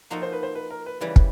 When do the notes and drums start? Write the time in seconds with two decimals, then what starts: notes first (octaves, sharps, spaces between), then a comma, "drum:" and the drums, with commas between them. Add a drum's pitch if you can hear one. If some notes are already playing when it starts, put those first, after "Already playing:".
0.10 F3 A#3 D#4 F#4 A4
0.22 C5
0.33 B4
0.43 C5
0.55 B4
0.71 A#4
0.86 B4
1.01 C#3 E3 G3 B4
1.16 drum: kick